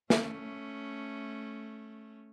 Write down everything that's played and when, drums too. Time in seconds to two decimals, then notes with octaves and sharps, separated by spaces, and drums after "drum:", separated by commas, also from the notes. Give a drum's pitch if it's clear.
0.10 A3 C#4, drum: snare